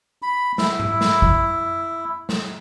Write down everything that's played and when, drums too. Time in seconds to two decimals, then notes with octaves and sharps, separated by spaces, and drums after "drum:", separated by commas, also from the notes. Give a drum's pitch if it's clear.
0.22 B5
0.58 E4, drum: snare
0.80 drum: tom G#2
1.01 drum: snare
1.22 drum: kick
2.29 drum: snare